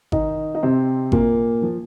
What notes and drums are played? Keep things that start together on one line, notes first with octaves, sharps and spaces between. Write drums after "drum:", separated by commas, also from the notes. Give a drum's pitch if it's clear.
D#3 D#4, drum: kick G#1
D#4
C3 C4
A#2 A#3, drum: kick G#1
F3